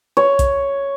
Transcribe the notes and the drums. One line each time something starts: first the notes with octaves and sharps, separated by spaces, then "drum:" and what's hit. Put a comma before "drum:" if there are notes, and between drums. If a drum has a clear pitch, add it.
C#5
drum: kick B1, hi-hat